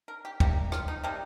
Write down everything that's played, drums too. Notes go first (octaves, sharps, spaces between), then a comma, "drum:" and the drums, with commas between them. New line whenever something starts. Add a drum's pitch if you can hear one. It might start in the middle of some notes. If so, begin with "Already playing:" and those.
A#4
G4
C3 G3 A#3 G4, drum: kick
F4, drum: rim click
D#4
C3 G3 A#3 D#4